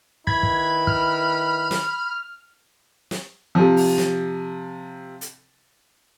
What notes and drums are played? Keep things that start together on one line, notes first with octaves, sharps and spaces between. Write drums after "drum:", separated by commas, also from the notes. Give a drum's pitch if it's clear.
D#3 E4 B4 B5 G#6, drum: kick
drum: kick
F6, drum: kick
drum: snare
drum: snare
C3 F3
drum: open hi-hat
drum: snare
drum: hi-hat